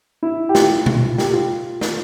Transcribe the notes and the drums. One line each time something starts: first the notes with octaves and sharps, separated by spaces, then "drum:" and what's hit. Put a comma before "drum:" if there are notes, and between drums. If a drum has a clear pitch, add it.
E4
G4
F4, drum: snare
drum: tom B2
G4, drum: snare
F4
drum: snare